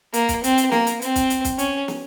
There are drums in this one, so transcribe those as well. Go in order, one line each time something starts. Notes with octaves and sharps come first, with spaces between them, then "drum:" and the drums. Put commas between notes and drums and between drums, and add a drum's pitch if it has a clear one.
A#3, drum: hi-hat
drum: kick, hi-hat
C4, drum: hi-hat
drum: hi-hat
A#3, drum: snare
drum: hi-hat
C4, drum: hi-hat
drum: kick, hi-hat
drum: hi-hat
drum: kick, hi-hat
C#4, drum: hi-hat
drum: snare